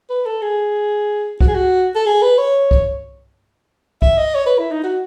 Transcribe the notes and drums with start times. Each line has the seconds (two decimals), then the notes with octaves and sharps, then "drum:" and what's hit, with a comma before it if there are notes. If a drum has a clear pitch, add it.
0.10 B4
0.26 A4
0.42 G#4
1.41 F#4, drum: kick C2
1.48 G#4
1.55 F#4
1.95 A4
2.06 G#4
2.22 B4
2.38 C#5
2.71 drum: kick C2
4.02 E5, drum: kick C2
4.18 D#5
4.35 C#5
4.46 B4
4.59 E4
4.71 D#4
4.84 F#4